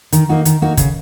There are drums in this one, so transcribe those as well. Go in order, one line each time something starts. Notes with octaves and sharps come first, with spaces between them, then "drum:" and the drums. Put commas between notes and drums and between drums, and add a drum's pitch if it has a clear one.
D#3, drum: hi-hat
A#3 D#4 F#4
D#3, drum: hi-hat
A#3 D#4 F#4
C#3, drum: kick, hi-hat